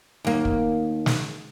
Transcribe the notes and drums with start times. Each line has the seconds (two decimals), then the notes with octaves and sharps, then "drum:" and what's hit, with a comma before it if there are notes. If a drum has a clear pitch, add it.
0.25 D#2 A#3
0.45 drum: kick
1.06 drum: snare